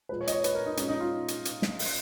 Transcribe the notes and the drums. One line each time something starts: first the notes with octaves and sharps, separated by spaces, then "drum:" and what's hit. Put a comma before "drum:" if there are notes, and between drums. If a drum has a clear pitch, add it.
A#2 F3 G#3 B4
C#5
D#5, drum: hi-hat
C#5
B4, drum: hi-hat
A#4
D#4
A#2 F3 G#3 C#4, drum: hi-hat
D#4
F4
drum: hi-hat
drum: hi-hat
drum: snare
drum: open hi-hat